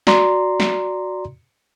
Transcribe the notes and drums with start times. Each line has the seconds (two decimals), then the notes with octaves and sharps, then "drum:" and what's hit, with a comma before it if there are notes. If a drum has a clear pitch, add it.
0.07 F#4 D5 A#5 C6, drum: snare
0.60 drum: snare